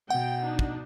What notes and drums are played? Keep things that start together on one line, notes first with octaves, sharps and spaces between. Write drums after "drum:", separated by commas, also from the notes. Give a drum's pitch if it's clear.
B2 F#5 G5
D4 D#4
drum: kick